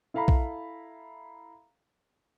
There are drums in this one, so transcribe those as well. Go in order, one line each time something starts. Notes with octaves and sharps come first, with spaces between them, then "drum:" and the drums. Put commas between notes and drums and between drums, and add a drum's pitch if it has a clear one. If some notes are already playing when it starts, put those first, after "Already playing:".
E4 A4 F5 A#5 B5
drum: kick